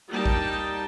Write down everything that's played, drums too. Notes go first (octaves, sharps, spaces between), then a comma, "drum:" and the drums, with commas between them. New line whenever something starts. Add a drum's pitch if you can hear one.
G3 A#3 D#4 G5 A5
drum: kick A1